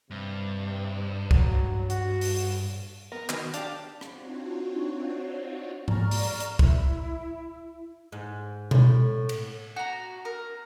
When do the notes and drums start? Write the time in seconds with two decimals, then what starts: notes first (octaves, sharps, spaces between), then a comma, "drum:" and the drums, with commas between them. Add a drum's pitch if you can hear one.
0.11 G2 C3
1.31 F#3, drum: kick
1.90 F#4, drum: hi-hat
2.21 drum: open hi-hat
3.12 B3 A#4
3.29 D#3 B3 F#4, drum: clap
3.54 D4 G4 F5 A5 D6, drum: hi-hat
4.01 C4 D4 D#4 F4 F#4 C#5, drum: rim click
5.88 D5 A#5 C#6 F6, drum: tom G#2
6.11 drum: open hi-hat
6.40 drum: hi-hat
6.59 E4, drum: kick
8.12 G#2
8.71 A2, drum: tom B2
9.29 drum: cymbal
9.76 F#4 A#5
10.25 A#4